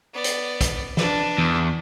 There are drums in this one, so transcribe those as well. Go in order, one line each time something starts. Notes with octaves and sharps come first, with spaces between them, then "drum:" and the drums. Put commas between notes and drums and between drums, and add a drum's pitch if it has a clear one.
B3 D5
drum: hi-hat
drum: kick, hi-hat
D4 B4, drum: snare
E2